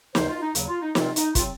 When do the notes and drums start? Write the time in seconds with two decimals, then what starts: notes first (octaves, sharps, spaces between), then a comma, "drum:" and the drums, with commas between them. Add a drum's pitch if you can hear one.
0.15 D#2 C#3 F#3 C5, drum: snare
0.28 F4
0.42 D#4
0.55 D#2 C#3 F#3, drum: hi-hat
0.68 F4
0.81 D#4
0.95 C3 F#3 C4 F4, drum: snare
1.16 D#4, drum: hi-hat
1.35 C3 F#3 C4 F4, drum: kick, hi-hat